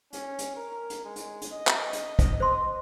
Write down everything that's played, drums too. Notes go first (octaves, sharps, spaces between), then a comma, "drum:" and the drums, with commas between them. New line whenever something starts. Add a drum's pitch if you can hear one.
C#4, drum: hi-hat
drum: hi-hat
A#4
drum: hi-hat
G#3
drum: hi-hat
drum: hi-hat
D#5
drum: clap
drum: hi-hat
drum: kick, hi-hat
C5 C6